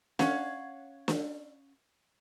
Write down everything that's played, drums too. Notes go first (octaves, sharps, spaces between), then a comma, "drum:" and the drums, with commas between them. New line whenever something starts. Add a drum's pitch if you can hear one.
C#4 C#5 F5 F#5, drum: snare
drum: snare